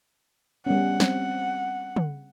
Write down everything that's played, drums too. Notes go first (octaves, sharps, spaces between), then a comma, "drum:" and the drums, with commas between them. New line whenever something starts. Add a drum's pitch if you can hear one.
G3 B3 C#4 F#5
C4, drum: snare
drum: tom